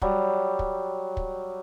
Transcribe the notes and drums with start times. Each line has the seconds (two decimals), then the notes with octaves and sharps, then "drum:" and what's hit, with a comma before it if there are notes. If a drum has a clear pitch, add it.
0.02 F#3 G3, drum: kick
0.59 drum: kick
1.17 drum: kick